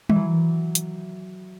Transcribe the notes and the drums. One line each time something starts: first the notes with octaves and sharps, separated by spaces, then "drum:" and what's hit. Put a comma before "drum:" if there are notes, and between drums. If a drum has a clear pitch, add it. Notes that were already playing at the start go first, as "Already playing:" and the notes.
E3, drum: tom G3
F#3
drum: hi-hat